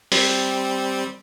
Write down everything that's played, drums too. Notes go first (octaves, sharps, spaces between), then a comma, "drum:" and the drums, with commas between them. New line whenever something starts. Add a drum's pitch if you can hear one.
G3 C4, drum: open hi-hat